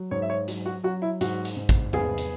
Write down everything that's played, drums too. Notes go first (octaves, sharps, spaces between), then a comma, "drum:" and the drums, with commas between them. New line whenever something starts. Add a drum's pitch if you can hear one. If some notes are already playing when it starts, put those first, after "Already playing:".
Already playing: F#3
G#2 C#5
E5
C#5
F#3, drum: hi-hat
F#4
F#3 F#4
E4
G#2 F#4, drum: hi-hat
drum: hi-hat
G#2
drum: kick, hi-hat
B3 G#4, drum: tom
drum: hi-hat